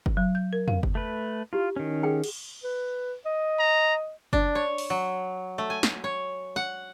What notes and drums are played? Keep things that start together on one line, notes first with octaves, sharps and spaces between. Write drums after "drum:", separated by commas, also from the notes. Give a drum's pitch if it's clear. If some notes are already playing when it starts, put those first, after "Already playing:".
drum: kick F#1
F#3
G6
A#4
F5, drum: tom
drum: kick F#1
A3 B4
E4 F4 G4
D#3 C#4
G#4 F#5 G5
drum: cymbal
B4
D#5
A#5
D4, drum: kick F#1
C#5
drum: open hi-hat
F#3
A3
G#5
drum: snare
C#5
F#5